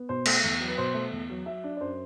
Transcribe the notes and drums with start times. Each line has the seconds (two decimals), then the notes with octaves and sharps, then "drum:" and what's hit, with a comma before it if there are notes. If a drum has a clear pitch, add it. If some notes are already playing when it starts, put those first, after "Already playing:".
Already playing: B3
0.09 B2 C5
0.26 A3, drum: cymbal
0.43 E2
0.60 F#3
0.68 B4
0.78 B2 C5
0.94 A3
1.12 E2
1.30 F#3
1.46 F#3 E5
1.64 D4
1.77 D5
1.80 F#2 C5